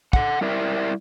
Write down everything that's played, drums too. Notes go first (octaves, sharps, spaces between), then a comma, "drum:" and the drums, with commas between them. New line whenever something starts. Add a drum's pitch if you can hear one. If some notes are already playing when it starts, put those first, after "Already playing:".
A4 F#5, drum: kick
G3 E4 A#4 D5 E5